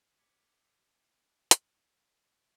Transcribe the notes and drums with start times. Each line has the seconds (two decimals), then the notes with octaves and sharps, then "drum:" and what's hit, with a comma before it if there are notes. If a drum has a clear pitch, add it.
0.19 D6 G#6 B6 C#7
1.51 drum: hi-hat